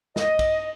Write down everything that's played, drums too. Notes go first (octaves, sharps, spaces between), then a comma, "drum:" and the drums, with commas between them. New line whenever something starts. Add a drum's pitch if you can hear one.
D#5, drum: snare
drum: kick A#1, cymbal